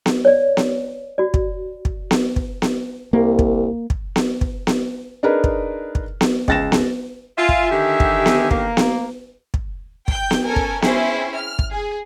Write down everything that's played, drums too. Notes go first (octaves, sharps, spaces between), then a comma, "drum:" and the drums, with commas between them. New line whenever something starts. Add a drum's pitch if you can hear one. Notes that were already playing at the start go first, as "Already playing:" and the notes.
drum: snare B3
C#5 D5
drum: snare B3
F#4 D5
drum: kick
drum: kick
drum: snare B3
drum: kick
drum: snare B3
C2 A#3
drum: kick
drum: kick
drum: snare B3
drum: kick
drum: snare B3
D4 D#4 G#4 A#4 B4
drum: kick
drum: kick
drum: snare B3
C#2 G5 A6 A#6 E7, drum: kick
drum: snare B3
F4 E5 G#5
drum: kick
D3 D#3 G4
drum: kick
drum: snare B3
A#3, drum: kick
drum: snare B3
drum: kick
G5 G6, drum: kick
drum: snare B3
C#4 A4 A#4 G#5
drum: kick
C4 C#4 E4 G#4 C5, drum: snare B3
F6
drum: kick
G#4